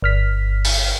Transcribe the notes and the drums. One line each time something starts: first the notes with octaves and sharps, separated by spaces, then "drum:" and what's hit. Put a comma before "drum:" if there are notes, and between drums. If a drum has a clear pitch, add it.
G1 F6 B6
drum: open hi-hat